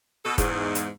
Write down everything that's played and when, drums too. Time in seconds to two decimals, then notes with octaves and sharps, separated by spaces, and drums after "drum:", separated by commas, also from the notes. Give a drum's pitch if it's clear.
0.24 B2 A4
0.38 E2 G#2, drum: kick F1, hi-hat
0.75 drum: hi-hat